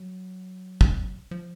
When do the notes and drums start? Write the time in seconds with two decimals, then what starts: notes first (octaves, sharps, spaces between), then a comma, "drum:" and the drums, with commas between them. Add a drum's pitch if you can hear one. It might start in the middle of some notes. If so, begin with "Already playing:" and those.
Already playing: F#3
0.81 drum: kick
1.31 F3